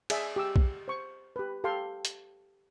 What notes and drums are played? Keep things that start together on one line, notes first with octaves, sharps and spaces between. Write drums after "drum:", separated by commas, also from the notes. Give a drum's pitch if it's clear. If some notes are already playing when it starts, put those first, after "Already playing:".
G#4 D5 E5, drum: cymbal
G4 D6 E6
drum: kick B1
C5 C#6
G4 B4
G4 A4 F5 G5 C6
drum: hi-hat